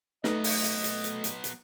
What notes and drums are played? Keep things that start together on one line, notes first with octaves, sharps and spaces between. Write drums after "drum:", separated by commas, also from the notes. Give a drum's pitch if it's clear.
F#3 A3 B3 D#4 A4 B4 D#5, drum: snare
drum: open hi-hat
drum: hi-hat
drum: hi-hat
drum: hi-hat
drum: hi-hat
drum: hi-hat